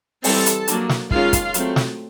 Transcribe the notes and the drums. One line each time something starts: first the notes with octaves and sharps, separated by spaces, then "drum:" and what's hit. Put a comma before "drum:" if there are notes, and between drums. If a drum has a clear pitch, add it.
E3 G3 C4 A4 A5, drum: open hi-hat
drum: hi-hat
F#3 A#3 D4, drum: hi-hat
drum: snare
D#3 G#3 C#4 F4 F5, drum: kick
drum: kick, hi-hat
F#3 A3 C4, drum: hi-hat
drum: snare